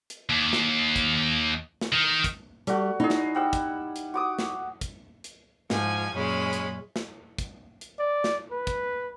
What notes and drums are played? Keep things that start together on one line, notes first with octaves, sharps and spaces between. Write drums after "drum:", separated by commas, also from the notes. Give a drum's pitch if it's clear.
drum: hi-hat
D#2
drum: snare
drum: kick, hi-hat
drum: snare
D#3
drum: kick, hi-hat
G3 A3 F#4, drum: hi-hat
D#4 E4 G#4
drum: snare
G3 F#5 E6
drum: kick, hi-hat
drum: hi-hat
F#4 D6 D#6
drum: snare
drum: kick, hi-hat
drum: hi-hat
G#2 F3 G#5 G#6, drum: snare
F#2 A#2 G#3 C#4 B5
drum: hi-hat
drum: snare
drum: kick, hi-hat
drum: hi-hat
D5
drum: snare
B4
drum: kick, hi-hat